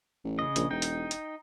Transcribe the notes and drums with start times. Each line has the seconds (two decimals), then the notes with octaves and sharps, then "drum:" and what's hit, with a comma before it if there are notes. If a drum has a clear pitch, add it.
0.24 A1
0.39 C#3 D#5
0.56 A#1, drum: hi-hat
0.71 E1 D#4 G5
0.82 drum: hi-hat
1.11 drum: hi-hat